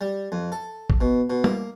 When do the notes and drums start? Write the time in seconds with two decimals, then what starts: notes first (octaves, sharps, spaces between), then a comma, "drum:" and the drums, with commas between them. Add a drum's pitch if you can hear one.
0.01 G3
0.32 F2
0.52 A4
0.90 drum: kick
1.01 B2
1.30 B2
1.44 A#3, drum: tom G3